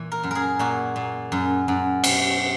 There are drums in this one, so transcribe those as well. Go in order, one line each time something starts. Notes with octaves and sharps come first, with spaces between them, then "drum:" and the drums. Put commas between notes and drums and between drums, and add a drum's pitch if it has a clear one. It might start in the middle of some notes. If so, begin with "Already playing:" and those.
Already playing: A#2 E3
A#4
F#2
G#4 A#4
A#2 F#4
A#2
F#2
F#2
B2, drum: cymbal